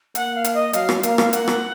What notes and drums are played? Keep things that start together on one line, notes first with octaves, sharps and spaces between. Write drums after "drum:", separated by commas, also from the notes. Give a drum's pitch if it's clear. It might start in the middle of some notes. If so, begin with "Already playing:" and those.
A#3 F#5, drum: hi-hat
F5
drum: hi-hat
D#5
F#3 F5, drum: hi-hat
drum: rim click
A#3 F5, drum: hi-hat
drum: rim click
A#3 F#5, drum: hi-hat
drum: rim click